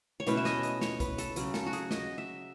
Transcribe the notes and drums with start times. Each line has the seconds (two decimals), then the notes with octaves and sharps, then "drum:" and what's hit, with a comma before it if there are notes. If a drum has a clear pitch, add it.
0.20 C#5
0.27 B2 A3 C#4 E4 B4, drum: hi-hat
0.37 E5
0.45 D#5, drum: snare
0.63 D#5, drum: hi-hat
0.81 C#5, drum: snare
1.00 B4, drum: kick, hi-hat
1.18 A4, drum: hi-hat
1.36 C#3 F#3 C#4, drum: hi-hat
1.54 A4, drum: snare
1.66 F#4
1.73 G#4, drum: hi-hat
1.91 D#5, drum: snare
2.18 E5